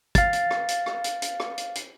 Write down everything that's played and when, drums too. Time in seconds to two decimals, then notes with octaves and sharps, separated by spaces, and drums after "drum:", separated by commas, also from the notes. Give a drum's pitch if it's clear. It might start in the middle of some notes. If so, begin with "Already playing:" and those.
0.15 F5 A6, drum: kick, hi-hat
0.33 drum: hi-hat
0.51 drum: rim click
0.68 drum: hi-hat
0.86 drum: rim click
1.04 drum: hi-hat
1.22 drum: hi-hat
1.40 drum: rim click
1.58 drum: hi-hat
1.75 drum: hi-hat